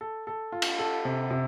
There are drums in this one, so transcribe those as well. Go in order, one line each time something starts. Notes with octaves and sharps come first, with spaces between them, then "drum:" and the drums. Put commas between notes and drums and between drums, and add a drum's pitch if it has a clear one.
A4
A4
F4
drum: cymbal
A4
C3
C3